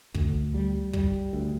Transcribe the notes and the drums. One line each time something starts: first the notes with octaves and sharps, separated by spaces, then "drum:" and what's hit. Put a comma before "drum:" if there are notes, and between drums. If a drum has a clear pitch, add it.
D2, drum: kick
G3
G3, drum: kick
D2